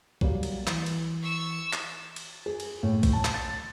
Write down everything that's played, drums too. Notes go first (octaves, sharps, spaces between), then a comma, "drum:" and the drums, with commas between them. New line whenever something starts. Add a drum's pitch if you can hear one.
F#3 G3 A#3, drum: kick
drum: cymbal
E3, drum: clap
drum: cymbal
C#6 E6
drum: clap
drum: cymbal
G#4
drum: cymbal
A2
drum: kick, cymbal
A5
drum: clap
A6